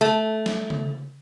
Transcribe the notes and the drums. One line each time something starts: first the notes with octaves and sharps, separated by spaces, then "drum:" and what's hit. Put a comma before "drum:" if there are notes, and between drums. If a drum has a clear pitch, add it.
A3
drum: snare G3
drum: tom C#3